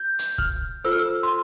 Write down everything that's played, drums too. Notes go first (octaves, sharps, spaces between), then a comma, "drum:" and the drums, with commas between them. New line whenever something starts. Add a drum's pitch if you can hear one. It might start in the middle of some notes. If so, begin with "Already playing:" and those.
Already playing: G6
drum: hi-hat
F6, drum: kick
F4 A4 C5 E6
F6
E6
C6